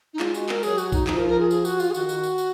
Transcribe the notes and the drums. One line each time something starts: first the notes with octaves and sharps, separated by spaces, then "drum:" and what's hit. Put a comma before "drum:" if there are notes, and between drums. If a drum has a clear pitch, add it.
D#4
G#3 F4, drum: clap
F#4, drum: tambourine
A#4, drum: clap
F#3 G#4, drum: tambourine
F#4, drum: tambourine
D#4, drum: kick, tambourine
F3 D#4, drum: clap
A#4
A#4
G#4
G#4, drum: tambourine
F#4, drum: tambourine
F4, drum: tambourine
G#4
D#3 F#4, drum: tambourine
drum: tambourine
drum: tambourine
drum: tambourine